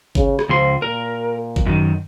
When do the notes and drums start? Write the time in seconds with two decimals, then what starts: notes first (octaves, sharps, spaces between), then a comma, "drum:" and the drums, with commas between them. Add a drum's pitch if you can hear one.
0.15 C#3, drum: kick G#1
0.39 drum: rim click
0.49 C#2 F3 C6
0.82 A#2 A#4
1.56 drum: kick G#1
1.66 F#2 D#3